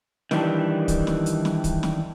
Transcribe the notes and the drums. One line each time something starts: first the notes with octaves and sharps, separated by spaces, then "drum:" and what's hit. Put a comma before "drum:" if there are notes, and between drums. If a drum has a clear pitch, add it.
D#3 E3 G3 D4, drum: snare
drum: kick, hi-hat
drum: snare
drum: hi-hat
drum: snare
drum: kick, hi-hat
drum: snare